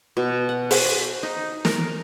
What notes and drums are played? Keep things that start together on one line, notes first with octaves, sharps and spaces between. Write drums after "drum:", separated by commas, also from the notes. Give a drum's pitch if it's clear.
B2
F#5
C5, drum: open hi-hat
D#4
A#4, drum: snare